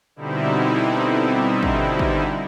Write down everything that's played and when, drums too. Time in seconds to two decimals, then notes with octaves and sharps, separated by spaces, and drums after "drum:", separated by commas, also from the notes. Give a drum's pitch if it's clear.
0.16 B2 D3 G3 C4 D#4 E4
1.63 drum: kick
1.99 drum: kick